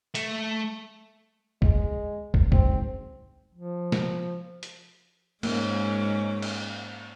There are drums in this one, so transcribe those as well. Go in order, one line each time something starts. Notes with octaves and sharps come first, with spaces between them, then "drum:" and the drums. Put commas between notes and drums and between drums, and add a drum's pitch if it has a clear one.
A3, drum: hi-hat
G#3, drum: kick
drum: kick
F#1 G#2 C4, drum: kick
F3
drum: snare
drum: hi-hat
G#2 G#3 A#3 C#4, drum: cymbal
drum: cymbal